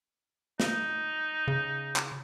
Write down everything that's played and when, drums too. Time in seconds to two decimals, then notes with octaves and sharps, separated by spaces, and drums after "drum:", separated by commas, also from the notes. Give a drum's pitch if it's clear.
0.60 D#4, drum: snare
1.48 C#3
1.96 drum: clap